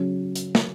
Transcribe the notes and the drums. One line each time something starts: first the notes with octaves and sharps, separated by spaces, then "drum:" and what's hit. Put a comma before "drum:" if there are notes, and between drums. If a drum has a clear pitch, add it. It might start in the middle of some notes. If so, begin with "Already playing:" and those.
Already playing: C#3 F#3 C#4
drum: hi-hat
drum: snare